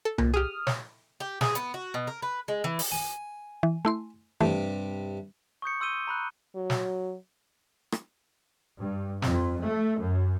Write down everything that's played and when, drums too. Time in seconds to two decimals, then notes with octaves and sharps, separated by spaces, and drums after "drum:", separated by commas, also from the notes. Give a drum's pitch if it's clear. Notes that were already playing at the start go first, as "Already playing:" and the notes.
0.05 A4
0.18 A#2, drum: tom C2
0.34 G4 G#4 D#6 F6
0.67 C#5, drum: snare
1.20 G4
1.41 G#4, drum: snare
1.55 B3, drum: hi-hat
1.74 F#4
1.94 B2
2.07 A#4
2.22 B4
2.48 G#3
2.64 E3
2.79 drum: open hi-hat
2.92 G#5
3.63 E3
3.85 A3 E4 C6
4.41 G2 C3 E3 A3
5.62 C#6 D#6 G6 C#7
5.81 C6 E6 G6 D#7 G7
6.07 A#5 B5 F#6
6.56 F#3
6.70 drum: snare
7.92 drum: rim click
8.78 G2
9.22 F2, drum: snare
9.61 A3
9.98 F#2